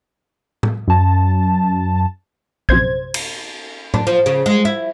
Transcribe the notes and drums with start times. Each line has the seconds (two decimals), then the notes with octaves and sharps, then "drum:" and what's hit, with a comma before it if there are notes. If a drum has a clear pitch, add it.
0.63 drum: tom A2
0.88 F#2 A5
2.69 A#1 F#2 C3 C5 G#6, drum: kick
3.14 drum: cymbal
3.94 D4, drum: tom A2
4.07 F3
4.26 C#3
4.46 G#3
4.65 E4